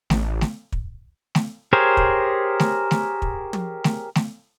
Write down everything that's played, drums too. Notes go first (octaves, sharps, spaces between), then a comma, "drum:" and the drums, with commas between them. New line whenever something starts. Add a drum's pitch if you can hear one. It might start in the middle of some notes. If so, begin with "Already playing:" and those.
A1, drum: snare A3
drum: snare A3
drum: kick
drum: snare A3
G4 G#4 A#4 C5 C#5
drum: kick
drum: snare A3
drum: snare A3
drum: kick
drum: tom
drum: snare A3
drum: snare A3